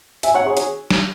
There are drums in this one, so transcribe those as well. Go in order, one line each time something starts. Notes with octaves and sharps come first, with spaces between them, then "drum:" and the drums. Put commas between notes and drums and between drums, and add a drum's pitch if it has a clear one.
E5 G#5, drum: hi-hat
C#5 F#5
G#4 C#5
G#4 C#5, drum: hi-hat
drum: snare